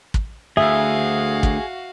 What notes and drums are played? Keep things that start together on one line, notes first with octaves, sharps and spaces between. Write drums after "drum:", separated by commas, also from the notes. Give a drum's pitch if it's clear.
drum: kick
D2 F#4 G#4 E5 F5
drum: kick